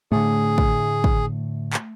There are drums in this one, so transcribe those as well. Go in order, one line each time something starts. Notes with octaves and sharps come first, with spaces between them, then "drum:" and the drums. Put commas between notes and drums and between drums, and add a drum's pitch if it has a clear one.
A2 D3 A3 G#4
drum: kick
drum: kick
drum: clap